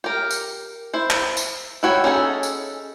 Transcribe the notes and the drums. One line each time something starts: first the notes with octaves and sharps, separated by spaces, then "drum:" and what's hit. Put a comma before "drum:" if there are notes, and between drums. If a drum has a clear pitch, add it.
G4 A#4
drum: tambourine
E4 C5
drum: clap
drum: tambourine
E4 F#4 C#5 G5
C#4 D#4 G#4 A4
drum: tambourine